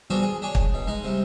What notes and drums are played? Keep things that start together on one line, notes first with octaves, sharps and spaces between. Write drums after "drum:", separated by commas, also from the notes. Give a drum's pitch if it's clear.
G3 B3 C4 D4 F#4 G#4
G#4
D4 G#4 C#5
drum: kick
B2
G#3 D#4
C3 G3